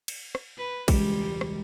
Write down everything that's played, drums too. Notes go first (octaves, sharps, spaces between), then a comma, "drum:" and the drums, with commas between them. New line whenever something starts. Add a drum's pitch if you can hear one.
drum: cymbal
drum: rim click
B4
E1 C#2 G3 G#3, drum: kick, cymbal
drum: rim click